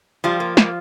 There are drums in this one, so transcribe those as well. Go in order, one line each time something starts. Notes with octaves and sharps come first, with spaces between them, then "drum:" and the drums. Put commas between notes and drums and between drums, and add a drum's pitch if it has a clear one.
F3 G3 F4
A#3
A#3, drum: snare